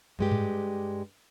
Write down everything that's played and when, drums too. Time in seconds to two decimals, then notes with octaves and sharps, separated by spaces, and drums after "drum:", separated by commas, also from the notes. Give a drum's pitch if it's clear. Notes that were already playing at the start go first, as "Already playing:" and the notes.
0.19 G2 G#3 G4
0.31 drum: tom G#2